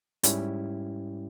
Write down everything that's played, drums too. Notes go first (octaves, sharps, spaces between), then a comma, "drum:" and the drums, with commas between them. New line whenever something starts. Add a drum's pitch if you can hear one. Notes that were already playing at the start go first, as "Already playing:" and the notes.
G#2 G3 C#4 E4 G4, drum: hi-hat